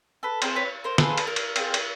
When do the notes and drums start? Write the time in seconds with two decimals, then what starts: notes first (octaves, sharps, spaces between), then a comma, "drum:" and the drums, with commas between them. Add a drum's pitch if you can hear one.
0.23 A4 B4
0.42 C4 F4 G#4 A#4 C5, drum: cymbal
0.56 B4 C#5
0.84 A#4 C5
0.98 C4 F4 G#4 A4 B4, drum: snare
1.18 drum: cymbal
1.27 A#4
1.36 drum: cymbal
1.56 C4 F4 G#4, drum: cymbal
1.74 drum: cymbal